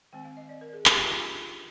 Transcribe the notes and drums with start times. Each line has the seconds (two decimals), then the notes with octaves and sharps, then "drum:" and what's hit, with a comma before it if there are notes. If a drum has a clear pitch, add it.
0.13 D#3 G#3 C4 G5
0.25 F5
0.37 D#5
0.49 D5
0.61 A#4
0.73 G#4
0.86 G4, drum: clap
0.98 F4
1.11 D#4
1.35 D4